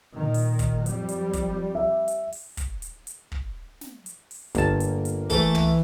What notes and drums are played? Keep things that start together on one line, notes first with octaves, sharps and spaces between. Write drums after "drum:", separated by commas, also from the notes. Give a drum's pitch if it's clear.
A#2 D#3
drum: open hi-hat
drum: kick, hi-hat
F2 G3, drum: hi-hat
drum: hi-hat
drum: kick, hi-hat
E5
drum: hi-hat
drum: open hi-hat
drum: kick, hi-hat
drum: hi-hat
drum: hi-hat
drum: kick
drum: snare
drum: hi-hat
drum: open hi-hat
G1 A#3 A5, drum: kick, hi-hat
drum: hi-hat
drum: hi-hat
E3 A3 A4, drum: kick, hi-hat
drum: tom